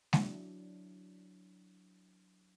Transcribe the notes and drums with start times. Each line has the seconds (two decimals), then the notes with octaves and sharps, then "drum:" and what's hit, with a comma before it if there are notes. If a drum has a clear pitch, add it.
0.13 F#3 D4 E4, drum: snare G#3